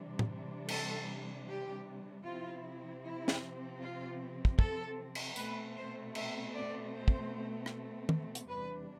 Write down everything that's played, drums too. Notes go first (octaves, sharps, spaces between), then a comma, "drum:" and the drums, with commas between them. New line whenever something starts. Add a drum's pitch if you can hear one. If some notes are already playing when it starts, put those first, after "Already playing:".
Already playing: C3 E3 G3 D4
drum: tom
A4, drum: cymbal
G4
C3 F3 C4 E4 F4
E4
drum: snare
F4
drum: kick
A4, drum: kick
drum: cymbal
B2 A3 C4 B4, drum: tambourine
C5
E5, drum: cymbal
D5
C5
drum: kick
drum: rim click
drum: tom
drum: hi-hat
E2 C3 G3 D4 B4